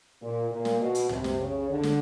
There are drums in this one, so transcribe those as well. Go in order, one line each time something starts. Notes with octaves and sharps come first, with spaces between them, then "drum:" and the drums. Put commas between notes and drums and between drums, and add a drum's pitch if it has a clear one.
A#2
A#2
drum: snare
B2
drum: hi-hat
C3, drum: tom
drum: snare
C#3
D3
drum: snare